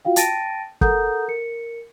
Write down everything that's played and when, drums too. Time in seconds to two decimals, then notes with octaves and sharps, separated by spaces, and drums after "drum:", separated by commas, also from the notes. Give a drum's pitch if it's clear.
0.05 F4 F#4 F5 G5
0.16 G5 A5 A6 A#6 D7 D#7, drum: hi-hat
0.81 A4 A#4 F#5 A#5 D#6 G6, drum: kick
1.28 A#4 C#7